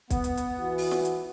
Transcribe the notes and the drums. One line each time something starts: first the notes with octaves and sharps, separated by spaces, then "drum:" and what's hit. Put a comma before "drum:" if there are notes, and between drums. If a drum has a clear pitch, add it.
B3, drum: kick B1, hi-hat
drum: hi-hat
drum: hi-hat
E3 F#4
drum: open hi-hat
drum: snare
drum: hi-hat